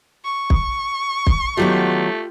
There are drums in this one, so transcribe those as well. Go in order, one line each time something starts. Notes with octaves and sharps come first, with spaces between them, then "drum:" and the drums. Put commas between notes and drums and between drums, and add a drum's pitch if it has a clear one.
C#6
drum: kick
drum: kick
D#3 F#3 A3 B3 F4 G4